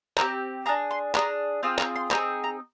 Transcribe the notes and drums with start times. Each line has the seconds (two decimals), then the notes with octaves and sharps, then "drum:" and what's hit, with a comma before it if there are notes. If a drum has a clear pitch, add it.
0.17 C4 G4 A#5, drum: clap
0.66 D4 G#4 A#5
0.91 C6
1.15 D4 G#4 A#5, drum: clap
1.63 C4 F4 G#4
1.78 A#5, drum: clap
1.96 C6
2.11 C4 D#4 G#4 A#5, drum: clap
2.44 A#5